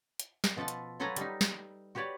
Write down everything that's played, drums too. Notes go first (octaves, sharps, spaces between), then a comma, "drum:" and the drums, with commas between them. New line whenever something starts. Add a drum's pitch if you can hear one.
drum: hi-hat
drum: snare
B2 F3 A4 B4 A5
drum: hi-hat
F3 F#3 A4 B4 G#5 A#5
G3 D#4, drum: hi-hat
drum: snare
F#4 G4 B4 C#5 D5